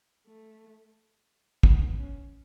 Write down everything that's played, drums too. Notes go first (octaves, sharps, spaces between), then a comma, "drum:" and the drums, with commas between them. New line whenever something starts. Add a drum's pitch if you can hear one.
A3
B3, drum: kick
C#4